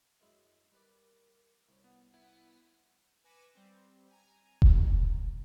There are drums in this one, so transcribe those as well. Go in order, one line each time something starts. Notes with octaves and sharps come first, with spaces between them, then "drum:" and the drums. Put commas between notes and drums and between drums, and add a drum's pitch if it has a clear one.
F#2 G#3 E4
G3 A#4 B4 D5
C2 C#4 C5
B3 F#5
B3 E4
B4 G#5 D6 A#6 C#7 E7
G3 C4
G#5 A#5
drum: kick E1